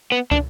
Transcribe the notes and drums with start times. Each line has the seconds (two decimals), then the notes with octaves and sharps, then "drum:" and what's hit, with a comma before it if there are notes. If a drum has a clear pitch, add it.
0.12 B3
0.31 D4, drum: kick